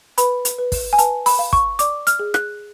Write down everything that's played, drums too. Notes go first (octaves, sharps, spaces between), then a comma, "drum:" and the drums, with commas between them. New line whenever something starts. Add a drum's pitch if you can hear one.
B4 B5, drum: hi-hat
drum: hi-hat
B4
drum: kick, open hi-hat
G#5
B4 A5, drum: hi-hat
B5, drum: open hi-hat
F5
C#6, drum: kick
D5 D6, drum: hi-hat
F6, drum: hi-hat
G#4
F#6, drum: rim click